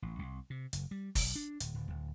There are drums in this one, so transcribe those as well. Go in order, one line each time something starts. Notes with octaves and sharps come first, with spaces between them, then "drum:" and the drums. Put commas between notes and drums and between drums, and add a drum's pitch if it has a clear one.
A1
C2
C3
F#1, drum: hi-hat
G3
B1, drum: kick, open hi-hat
D4
D1, drum: hi-hat
D1
D1